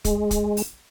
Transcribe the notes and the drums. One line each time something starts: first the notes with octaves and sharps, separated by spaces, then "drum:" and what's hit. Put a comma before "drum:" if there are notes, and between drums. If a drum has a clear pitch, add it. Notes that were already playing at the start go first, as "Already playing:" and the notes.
G#3, drum: kick, hi-hat
drum: kick, hi-hat
drum: open hi-hat